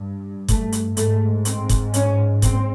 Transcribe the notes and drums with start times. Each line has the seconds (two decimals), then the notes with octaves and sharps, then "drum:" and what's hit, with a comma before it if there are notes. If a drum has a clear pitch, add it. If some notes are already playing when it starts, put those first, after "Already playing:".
Already playing: G2
0.48 A3, drum: kick F#1, hi-hat
0.72 drum: hi-hat
0.97 G#2 A3, drum: hi-hat
1.45 C4, drum: hi-hat
1.69 drum: kick F#1, hi-hat
1.94 C#4, drum: hi-hat
2.42 C4, drum: kick F#1, hi-hat